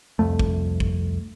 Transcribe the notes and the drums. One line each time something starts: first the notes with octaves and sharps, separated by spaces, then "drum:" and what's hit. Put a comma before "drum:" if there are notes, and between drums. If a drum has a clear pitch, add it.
C2 F2 A3
drum: kick G#1
drum: kick G#1